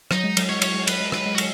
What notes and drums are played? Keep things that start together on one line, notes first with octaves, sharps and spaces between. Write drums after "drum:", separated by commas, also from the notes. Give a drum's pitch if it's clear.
F#3 D#4, drum: rim click
G#3
F#3, drum: cymbal
G#3 C#5
F#3 C#5, drum: cymbal
G#3
F#3 B4, drum: cymbal
G#3
F#3 B4, drum: rim click
G#3
F#4
F#3, drum: cymbal